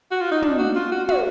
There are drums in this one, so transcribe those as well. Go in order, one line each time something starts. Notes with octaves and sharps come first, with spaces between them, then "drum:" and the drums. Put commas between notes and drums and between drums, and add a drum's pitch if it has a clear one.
F#4
F4
D#4
D4, drum: tom
F#4
F4
F#4
F#4, drum: tom